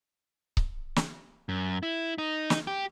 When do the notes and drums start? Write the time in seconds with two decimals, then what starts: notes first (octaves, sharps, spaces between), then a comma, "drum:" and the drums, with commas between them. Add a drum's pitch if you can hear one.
0.57 drum: kick C#1
0.96 drum: snare
1.49 F#2
1.83 E4
2.18 D#4
2.50 drum: snare
2.67 G4